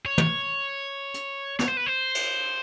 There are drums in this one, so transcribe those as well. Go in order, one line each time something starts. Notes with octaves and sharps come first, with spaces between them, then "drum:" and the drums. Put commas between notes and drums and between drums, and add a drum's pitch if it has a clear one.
C#5
drum: tom
drum: hi-hat
C#5, drum: snare
C5
B4
C5
drum: cymbal